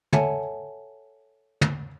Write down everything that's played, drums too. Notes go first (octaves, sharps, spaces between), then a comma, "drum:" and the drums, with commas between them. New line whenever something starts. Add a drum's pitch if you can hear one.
A4 C#5 E5 F#5 G#5 A5, drum: tom
drum: tom